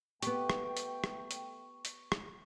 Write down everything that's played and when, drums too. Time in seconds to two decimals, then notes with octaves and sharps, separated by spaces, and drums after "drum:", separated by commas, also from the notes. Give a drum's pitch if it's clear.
0.23 A3 B3 G4 G5 C#6, drum: hi-hat
0.50 drum: rim click
0.77 drum: hi-hat
1.04 drum: rim click
1.31 drum: hi-hat
1.85 drum: hi-hat
2.12 drum: rim click